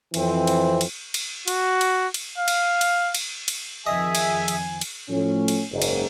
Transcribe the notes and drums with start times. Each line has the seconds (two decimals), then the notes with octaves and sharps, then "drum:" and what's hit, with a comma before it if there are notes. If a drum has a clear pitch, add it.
0.14 F2 E3 C4, drum: cymbal
0.47 drum: cymbal
0.81 drum: cymbal
1.14 drum: cymbal
1.48 F#4, drum: cymbal
1.81 drum: cymbal
2.14 drum: cymbal
2.38 F5
2.48 drum: cymbal
2.81 drum: cymbal
3.14 drum: cymbal
3.48 drum: cymbal
3.87 F2 D#3 F3 G#4 D#5 E5 G#5
4.15 drum: cymbal
4.48 drum: cymbal
4.81 drum: cymbal
5.09 A2 F3 A3 C#4
5.48 drum: cymbal
5.71 F#1 G#2
5.82 drum: cymbal